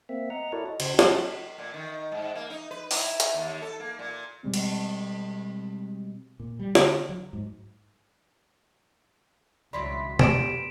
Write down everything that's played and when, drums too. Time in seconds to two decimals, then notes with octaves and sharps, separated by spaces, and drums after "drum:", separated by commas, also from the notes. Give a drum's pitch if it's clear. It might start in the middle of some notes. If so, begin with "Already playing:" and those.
0.09 A#3 C4 E5
0.30 D#5 F#5 A#5
0.52 E4 F#4 A4 A#4 C#5 D5
0.66 D#5
0.80 C#3 F#4 C5 G#6, drum: cymbal
0.99 F#3 C#4, drum: snare
1.58 A#2
1.74 D#3
2.12 G#2
2.35 A#3
2.50 D#4
2.71 B4
2.91 E4, drum: open hi-hat
3.20 drum: hi-hat
3.34 D#2
3.62 A4
3.80 A#3
3.99 A#2
4.43 B2 G3 G#3 C4
4.54 drum: cymbal
6.40 A#2
6.59 G3
6.75 D3, drum: snare
7.09 F#3
7.33 G#2
9.73 C#2 B2 E3 F#3 D4 B5 C6 B6
10.19 F2 B2 B3 G4 D5 D7 E7, drum: tom